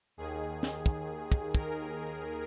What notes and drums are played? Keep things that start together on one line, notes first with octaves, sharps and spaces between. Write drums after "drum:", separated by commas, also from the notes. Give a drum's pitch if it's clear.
D#2 D#3 G#4
drum: snare
drum: kick
drum: kick
A#4, drum: kick